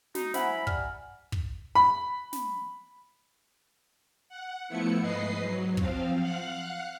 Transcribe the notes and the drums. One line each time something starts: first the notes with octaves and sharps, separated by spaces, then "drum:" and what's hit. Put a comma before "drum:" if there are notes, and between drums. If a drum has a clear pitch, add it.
D#4 F#4, drum: snare
E4 C5 F#5 G#5 A#5 B5, drum: snare
G3 F6, drum: kick
drum: kick
B5
drum: snare
F#5
F3 A3 B3 E4 C#7
G#2 B4 D#5 C7
F#3
F3 C4 F5, drum: kick
F5 F#5 F#6